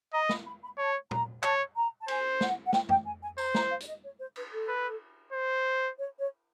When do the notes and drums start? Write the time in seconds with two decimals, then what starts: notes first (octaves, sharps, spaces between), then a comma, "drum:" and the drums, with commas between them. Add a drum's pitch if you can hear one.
0.13 D#5 A#5
0.29 B5, drum: snare
0.45 B5
0.62 B5
0.78 C#5 A5
1.11 A#5, drum: tom
1.43 C#5 A5, drum: clap
1.76 A#5
2.01 A5
2.08 C5 G#5, drum: cymbal
2.41 F#5, drum: snare
2.66 F#5
2.73 G5, drum: snare
2.89 G5, drum: tom
3.05 G#5
3.22 G#5
3.38 C5 A#5, drum: tambourine
3.54 A#5, drum: snare
3.70 F5
3.80 D5, drum: hi-hat
3.87 D#5
4.03 C#5
4.19 C5
4.36 B4, drum: cymbal
4.52 A4
4.68 B4
5.33 C5
5.98 C#5
6.19 C#5